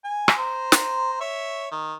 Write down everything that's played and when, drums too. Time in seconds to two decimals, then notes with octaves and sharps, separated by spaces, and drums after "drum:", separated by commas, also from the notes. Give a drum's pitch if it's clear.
0.05 G#5
0.28 drum: rim click
0.38 C5 A#5
0.72 drum: snare
1.21 C#5 E5 C#6
1.71 D#3